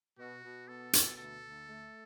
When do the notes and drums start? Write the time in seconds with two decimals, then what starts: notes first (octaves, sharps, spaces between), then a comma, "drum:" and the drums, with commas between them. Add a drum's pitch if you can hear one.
0.19 B2 F#4
0.44 B2
0.68 B3 A4
0.93 B2, drum: hi-hat
1.18 D2 A4
1.42 D2
1.68 A3